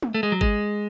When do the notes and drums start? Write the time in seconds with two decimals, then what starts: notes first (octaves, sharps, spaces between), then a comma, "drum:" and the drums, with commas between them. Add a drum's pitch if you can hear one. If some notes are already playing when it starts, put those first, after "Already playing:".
0.02 drum: tom
0.14 A3
0.23 G#3
0.32 F#3
0.41 G#3, drum: kick G#1